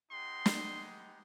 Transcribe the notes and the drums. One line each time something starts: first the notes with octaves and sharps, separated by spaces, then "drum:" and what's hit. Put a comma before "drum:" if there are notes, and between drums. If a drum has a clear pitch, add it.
G#3 B3 D#4 G4 C6
drum: snare